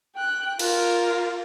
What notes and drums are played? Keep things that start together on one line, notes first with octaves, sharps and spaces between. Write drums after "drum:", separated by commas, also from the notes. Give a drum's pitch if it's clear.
G5 F#6
F4 A#4, drum: cymbal